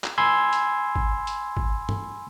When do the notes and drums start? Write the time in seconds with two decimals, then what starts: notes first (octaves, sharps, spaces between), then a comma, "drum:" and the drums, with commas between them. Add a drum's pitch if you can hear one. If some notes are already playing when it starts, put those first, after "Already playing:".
0.04 drum: clap
0.18 G#5 B5 C6 E6 G#6
0.53 drum: hi-hat
0.95 drum: kick
1.27 drum: hi-hat
1.57 drum: kick
1.89 drum: tom